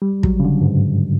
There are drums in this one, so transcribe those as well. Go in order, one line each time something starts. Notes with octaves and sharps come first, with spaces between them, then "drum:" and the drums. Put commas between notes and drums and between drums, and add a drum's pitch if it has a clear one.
G3
F#3, drum: kick
C#3
D3
G2
G#2